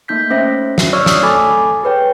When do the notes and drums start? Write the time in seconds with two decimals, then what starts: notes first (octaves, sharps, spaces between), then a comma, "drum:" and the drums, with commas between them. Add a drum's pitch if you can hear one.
0.08 A3 A#3 D#4 G6 B6
0.30 A3 C#4 C5 E5 A#6
0.78 drum: snare
0.93 C#5 D5 C#6 E6 F6
1.06 D#6 E6, drum: snare
1.23 A3 A4 G#5 B5 D6 A6
1.84 G#4 B4 C#5 G5